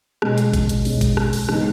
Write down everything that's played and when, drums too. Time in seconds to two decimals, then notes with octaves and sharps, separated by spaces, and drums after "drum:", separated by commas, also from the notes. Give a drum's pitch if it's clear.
0.22 B2 G#3 C#4 G#4, drum: rim click
0.38 drum: hi-hat
0.54 drum: kick A1, hi-hat
0.69 drum: hi-hat
0.85 B2 G#3 C#4 G#4, drum: open hi-hat
1.01 drum: kick A1, hi-hat
1.17 drum: rim click
1.33 drum: open hi-hat
1.49 C#3 E3 G#3 B3 D#4, drum: rim click